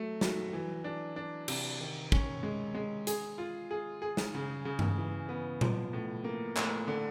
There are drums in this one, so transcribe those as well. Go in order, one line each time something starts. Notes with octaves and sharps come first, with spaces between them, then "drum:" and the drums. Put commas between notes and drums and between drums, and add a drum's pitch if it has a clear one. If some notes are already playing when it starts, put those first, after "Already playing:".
Already playing: F#3 A3
F#3, drum: snare
E3
D4
D4
C3, drum: cymbal
D#3
C#4, drum: kick
G#3
G#3
G#4, drum: hi-hat
F4
G#4
G#4
drum: snare
C#3
C#3
drum: tom G2
E3
B3
F3, drum: tom A#2
A2
A#3
A2, drum: clap
D3